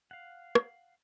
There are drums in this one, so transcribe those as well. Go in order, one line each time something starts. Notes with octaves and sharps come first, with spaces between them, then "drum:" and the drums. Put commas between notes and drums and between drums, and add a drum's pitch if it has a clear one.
F5 F#5
drum: rim click